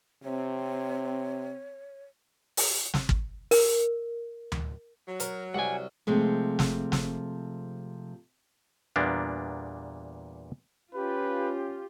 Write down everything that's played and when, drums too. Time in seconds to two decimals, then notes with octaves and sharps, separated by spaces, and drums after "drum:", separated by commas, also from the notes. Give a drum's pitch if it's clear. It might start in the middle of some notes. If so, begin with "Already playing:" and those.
0.24 C3 C4 C#5
2.57 drum: open hi-hat
2.94 drum: snare
3.09 drum: kick
3.51 A#4, drum: open hi-hat
4.52 drum: tom D2
5.07 F#3
5.20 A#4, drum: hi-hat
5.54 C2 F#5 G#5
6.07 C3 F3 G#3 A3
6.59 drum: snare
6.92 drum: snare
8.96 E2 A#2 G3 A#3 B3 D4
10.95 C#4 F4 G4 B4